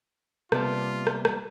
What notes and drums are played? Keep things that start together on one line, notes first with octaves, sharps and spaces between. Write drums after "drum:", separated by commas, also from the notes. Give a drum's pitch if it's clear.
C3 G3 A#3 B3 F4 D5 A5, drum: rim click
drum: rim click
drum: rim click